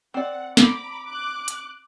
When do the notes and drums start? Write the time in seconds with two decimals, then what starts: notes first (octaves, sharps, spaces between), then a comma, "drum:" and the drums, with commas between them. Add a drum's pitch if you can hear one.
0.14 C4 D5 F#5
0.57 A#5 B5 D6, drum: snare
1.07 D6 F#6
1.48 drum: hi-hat